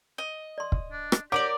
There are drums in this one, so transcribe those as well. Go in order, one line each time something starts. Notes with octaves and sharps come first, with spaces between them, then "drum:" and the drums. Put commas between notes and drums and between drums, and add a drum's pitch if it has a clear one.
D#5
D5 C6
drum: kick
D4
drum: rim click
G4 A#4 B4 C#5 D5 F#5 D6